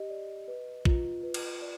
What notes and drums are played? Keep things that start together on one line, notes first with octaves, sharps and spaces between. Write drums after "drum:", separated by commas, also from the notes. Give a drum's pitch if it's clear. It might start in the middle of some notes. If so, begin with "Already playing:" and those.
Already playing: G4 D#5
D5
B4
F4, drum: kick
B4
drum: cymbal
D5